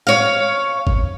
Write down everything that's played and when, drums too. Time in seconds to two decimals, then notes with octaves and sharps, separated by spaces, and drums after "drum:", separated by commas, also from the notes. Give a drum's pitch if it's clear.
0.07 C#5 F5
0.87 drum: kick G#1